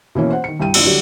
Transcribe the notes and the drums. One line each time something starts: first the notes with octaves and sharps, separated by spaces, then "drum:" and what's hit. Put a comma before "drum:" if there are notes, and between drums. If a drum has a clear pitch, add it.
B2 E3 A#3 C#4
C5 F#5
D#3 C#7
C2 G2 G5 D#7
A1 D2 D4 F4 E6 D#7, drum: cymbal
D3 F#3 G3 F#4 G4 D5